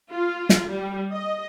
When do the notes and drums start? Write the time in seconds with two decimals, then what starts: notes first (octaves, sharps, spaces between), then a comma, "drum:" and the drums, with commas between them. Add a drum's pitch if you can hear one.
0.12 F4
0.49 drum: snare
0.69 G3
1.13 D#5